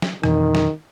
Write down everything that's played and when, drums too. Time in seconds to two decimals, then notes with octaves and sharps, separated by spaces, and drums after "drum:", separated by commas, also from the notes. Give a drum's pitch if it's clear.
0.02 drum: snare
0.23 F2 B2 D#3 E3, drum: rim click
0.55 drum: snare